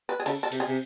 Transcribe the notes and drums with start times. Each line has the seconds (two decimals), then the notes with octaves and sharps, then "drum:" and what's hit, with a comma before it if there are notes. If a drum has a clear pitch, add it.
0.09 B4
0.20 G#4
0.26 C#3 A4, drum: cymbal
0.43 A4
0.52 C3, drum: cymbal
0.60 G#4
0.68 C3